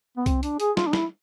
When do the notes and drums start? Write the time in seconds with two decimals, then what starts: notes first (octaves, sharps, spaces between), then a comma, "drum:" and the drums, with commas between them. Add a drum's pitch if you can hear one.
0.17 B3
0.26 C4, drum: kick C2, hi-hat
0.43 D4, drum: hi-hat
0.60 G#4, drum: hi-hat
0.77 F4, drum: snare
0.87 D4
0.93 E4, drum: snare